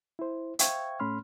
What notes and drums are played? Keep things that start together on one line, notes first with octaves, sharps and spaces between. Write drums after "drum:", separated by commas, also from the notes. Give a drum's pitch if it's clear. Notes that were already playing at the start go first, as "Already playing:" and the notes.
E4 C5
C5 E5 F5 G5 C#6 G#6, drum: hi-hat
A2 A3 C#4 B5 C6 F6